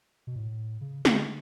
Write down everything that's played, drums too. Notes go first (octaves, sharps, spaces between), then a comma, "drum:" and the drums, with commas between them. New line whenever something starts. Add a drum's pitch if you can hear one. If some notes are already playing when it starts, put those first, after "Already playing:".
B2
A2
C#3
D3, drum: snare